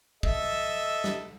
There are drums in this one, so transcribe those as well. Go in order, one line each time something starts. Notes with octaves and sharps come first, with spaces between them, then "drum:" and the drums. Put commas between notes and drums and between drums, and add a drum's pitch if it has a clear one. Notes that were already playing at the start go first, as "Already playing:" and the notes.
A4 D#5 E5, drum: kick
drum: snare